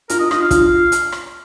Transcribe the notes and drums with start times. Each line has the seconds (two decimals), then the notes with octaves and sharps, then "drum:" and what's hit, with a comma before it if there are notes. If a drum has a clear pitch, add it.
0.10 F4 A#4, drum: hi-hat
0.19 D#5
0.31 F4 D#5, drum: rim click
0.41 F5
0.51 F4, drum: kick, hi-hat
0.92 drum: hi-hat
1.12 drum: rim click